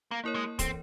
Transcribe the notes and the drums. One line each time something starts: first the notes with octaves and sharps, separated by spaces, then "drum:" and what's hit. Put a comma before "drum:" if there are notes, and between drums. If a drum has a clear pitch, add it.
A#3
A#3 E4 A#4 C#5
G#3
E3 C4, drum: kick, hi-hat